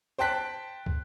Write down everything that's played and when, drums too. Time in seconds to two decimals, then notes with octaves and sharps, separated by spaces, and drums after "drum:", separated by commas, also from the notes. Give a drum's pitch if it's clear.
0.18 C5 G5 A5 F#6 B6
0.86 drum: kick